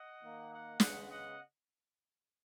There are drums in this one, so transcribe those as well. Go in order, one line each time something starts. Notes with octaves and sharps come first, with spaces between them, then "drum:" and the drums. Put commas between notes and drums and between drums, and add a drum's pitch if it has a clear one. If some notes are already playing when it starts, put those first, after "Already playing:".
Already playing: D#5 F#5
D#3 A#3
D#5 F#5
C#3 G#3 B3 D#5 F#5, drum: snare
D#5 F#5